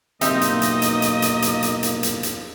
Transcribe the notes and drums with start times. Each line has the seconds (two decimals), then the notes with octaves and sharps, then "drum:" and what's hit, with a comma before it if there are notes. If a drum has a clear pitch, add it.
0.21 B1 A#3 C4 D#4 G4 D#5 E5, drum: hi-hat
0.41 drum: hi-hat
0.62 drum: hi-hat
0.82 drum: hi-hat
1.02 drum: hi-hat
1.22 drum: hi-hat
1.42 drum: hi-hat
1.63 drum: hi-hat
1.83 drum: hi-hat
2.03 drum: hi-hat
2.23 drum: hi-hat